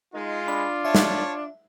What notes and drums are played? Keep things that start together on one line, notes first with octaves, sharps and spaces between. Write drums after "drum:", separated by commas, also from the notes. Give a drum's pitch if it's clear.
G#3 D#4 F4
D4 B5
C#5 E5 A5
drum: snare